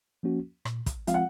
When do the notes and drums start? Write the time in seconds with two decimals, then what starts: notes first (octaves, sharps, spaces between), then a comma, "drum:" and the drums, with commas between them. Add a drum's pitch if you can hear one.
0.23 F3 A#3 C#4 F#4
0.65 A#2, drum: rim click
0.86 drum: kick, hi-hat
1.07 F3 G#3 C4 F4 F5, drum: hi-hat
1.14 F#5